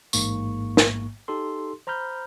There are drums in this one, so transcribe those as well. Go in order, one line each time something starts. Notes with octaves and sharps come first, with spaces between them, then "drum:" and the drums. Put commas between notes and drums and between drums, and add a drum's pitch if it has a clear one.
A1 G#2 A#3 C#6, drum: tambourine
drum: snare
D#4 G4 A4 C6
C5 A#5 B5 F6 G6